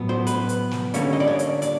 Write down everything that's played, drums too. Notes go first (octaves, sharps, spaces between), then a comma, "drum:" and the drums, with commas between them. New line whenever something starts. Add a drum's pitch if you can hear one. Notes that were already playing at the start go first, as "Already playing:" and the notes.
Already playing: A2 F#3 B3
C5
B4, drum: hi-hat
drum: hi-hat
drum: snare
D3 G3 A#3 C#4 C#5, drum: hi-hat
D#5
D5
C#5
drum: hi-hat
D5, drum: hi-hat